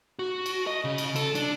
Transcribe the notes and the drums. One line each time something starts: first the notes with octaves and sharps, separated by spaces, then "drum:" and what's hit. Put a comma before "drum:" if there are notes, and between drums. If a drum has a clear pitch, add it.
F#4
drum: cymbal
D#5
C#3
drum: cymbal
A4, drum: cymbal
D4, drum: cymbal